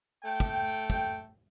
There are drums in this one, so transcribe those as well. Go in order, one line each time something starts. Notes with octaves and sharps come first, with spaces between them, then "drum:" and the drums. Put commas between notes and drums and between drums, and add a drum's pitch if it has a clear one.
A3 G5
drum: kick
drum: kick